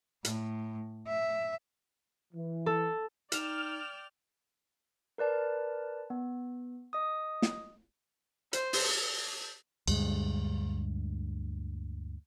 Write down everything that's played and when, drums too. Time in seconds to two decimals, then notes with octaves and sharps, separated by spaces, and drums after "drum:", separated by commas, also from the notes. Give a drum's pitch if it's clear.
0.25 A2, drum: hi-hat
1.08 E5
2.33 E3
2.66 A4
3.32 D#4 D5 G5 F6 E7 F7, drum: hi-hat
5.18 A#4 B4 D5 A5
6.10 B3
6.93 D#5 D#6
7.42 drum: snare
8.53 C5, drum: hi-hat
8.73 drum: open hi-hat
9.88 D2 G2 G#3, drum: cymbal